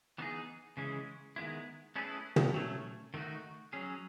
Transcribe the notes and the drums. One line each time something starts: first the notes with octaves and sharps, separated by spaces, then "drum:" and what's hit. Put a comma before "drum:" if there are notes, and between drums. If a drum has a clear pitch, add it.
E3 B3 D#4 G#4
C#3 E3 G#3 C#4
D#3 G#3 B3 E4
A3 C#4 E4 G#4 B4
drum: tom
F#3 A3 C#4
D#3 A3 D#4 F#4
F#3 C#4 G#4